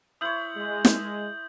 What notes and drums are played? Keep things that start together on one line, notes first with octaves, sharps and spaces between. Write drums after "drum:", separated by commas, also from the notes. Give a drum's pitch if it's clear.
E4 C5 C#5 D#6 G6 F#7
G#3
drum: snare